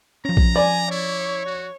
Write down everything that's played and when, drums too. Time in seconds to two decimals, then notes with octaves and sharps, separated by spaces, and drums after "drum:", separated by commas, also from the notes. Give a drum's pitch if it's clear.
0.25 F3 C#4 A#5
0.37 drum: kick A#1
0.56 D5 G#5
0.91 E4 C#5
1.46 F#4